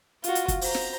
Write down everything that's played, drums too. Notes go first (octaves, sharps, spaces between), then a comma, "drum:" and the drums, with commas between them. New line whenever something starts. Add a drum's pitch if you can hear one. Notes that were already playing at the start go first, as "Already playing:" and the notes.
F4 F#4, drum: hi-hat
drum: hi-hat
drum: kick, hi-hat
C5 A#5, drum: open hi-hat
drum: snare